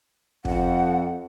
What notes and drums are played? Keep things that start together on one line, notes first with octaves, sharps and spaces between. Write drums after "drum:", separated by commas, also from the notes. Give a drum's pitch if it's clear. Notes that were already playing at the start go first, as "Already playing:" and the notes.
F2 F#5, drum: kick